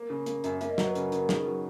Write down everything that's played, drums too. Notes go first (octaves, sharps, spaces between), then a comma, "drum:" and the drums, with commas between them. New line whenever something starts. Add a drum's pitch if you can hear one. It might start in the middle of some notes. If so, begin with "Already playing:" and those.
Already playing: A#3
C#3
A#3, drum: hi-hat
F#2, drum: hi-hat
A#3 E5, drum: hi-hat
D#5
F#3, drum: snare
B4
C#3 A#4, drum: hi-hat
C#3, drum: hi-hat
D#3 G#4, drum: snare
F#3